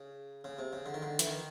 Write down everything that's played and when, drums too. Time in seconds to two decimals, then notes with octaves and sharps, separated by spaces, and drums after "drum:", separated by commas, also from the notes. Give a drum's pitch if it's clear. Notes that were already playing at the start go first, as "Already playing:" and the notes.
Already playing: C#3
0.44 C#3
0.59 C3
0.73 C#3
0.86 D3
0.94 D#3
1.02 D3
1.19 E3, drum: hi-hat
1.27 D#3